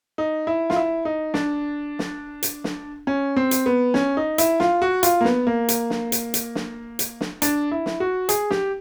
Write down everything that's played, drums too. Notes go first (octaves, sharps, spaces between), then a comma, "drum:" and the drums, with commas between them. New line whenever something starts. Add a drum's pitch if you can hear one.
D#4
E4
F4, drum: snare
E4
D#4
D4, drum: snare
drum: snare
drum: hi-hat
drum: snare
C#4
C4
drum: hi-hat
B3
C#4, drum: snare
D#4
E4, drum: hi-hat
F4, drum: snare
F#4
F4, drum: hi-hat
A#3
B3, drum: snare
A#3
drum: hi-hat
drum: snare
drum: hi-hat
drum: hi-hat
drum: snare
drum: hi-hat
drum: snare
D4, drum: hi-hat
E4
drum: snare
F#4
G#4, drum: hi-hat
G4, drum: snare